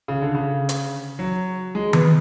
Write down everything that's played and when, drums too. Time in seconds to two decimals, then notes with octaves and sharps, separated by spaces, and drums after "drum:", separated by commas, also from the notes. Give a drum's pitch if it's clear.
0.08 C#3
0.22 D3
0.34 C#3
0.69 drum: hi-hat
1.19 F#3
1.75 G#3
1.93 B3, drum: tom D#3